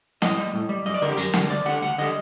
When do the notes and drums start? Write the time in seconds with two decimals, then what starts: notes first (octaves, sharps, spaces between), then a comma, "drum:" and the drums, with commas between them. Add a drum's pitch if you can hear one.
0.22 A2 D#5, drum: snare
0.37 G3
0.53 A2
0.69 G3
0.86 F#2 D#5
0.94 D5
1.02 D3 G3 A#4
1.09 G4
1.17 F#2 A#4, drum: hi-hat
1.34 D3 G3, drum: snare
1.50 D2 D5
1.66 D3 G3 F#5
1.82 D2 F#5
1.98 D3 G3 D#5